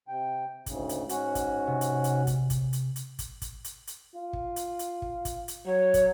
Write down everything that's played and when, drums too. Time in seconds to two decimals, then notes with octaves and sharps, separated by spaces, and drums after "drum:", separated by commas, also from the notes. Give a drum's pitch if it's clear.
0.08 C3 G5
0.66 D2 G#2 C#3, drum: kick, hi-hat
0.89 drum: hi-hat
1.09 G#2 C#4 F#4, drum: hi-hat
1.35 drum: kick, hi-hat
1.67 C3
1.81 drum: hi-hat
2.04 drum: hi-hat
2.27 drum: kick, hi-hat
2.50 drum: kick, hi-hat
2.73 drum: hi-hat
2.96 drum: hi-hat
3.19 drum: kick, hi-hat
3.42 drum: kick, hi-hat
3.64 drum: hi-hat
3.87 drum: hi-hat
4.16 F4
4.33 drum: kick
4.56 drum: hi-hat
4.79 drum: hi-hat
5.02 drum: kick
5.25 drum: kick, hi-hat
5.48 drum: hi-hat
5.65 F#3 C#5
5.94 drum: kick, hi-hat